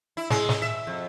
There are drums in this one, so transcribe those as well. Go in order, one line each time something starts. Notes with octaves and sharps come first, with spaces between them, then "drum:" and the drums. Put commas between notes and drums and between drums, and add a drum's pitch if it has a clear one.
E4
G#3, drum: snare
drum: snare
E5
F2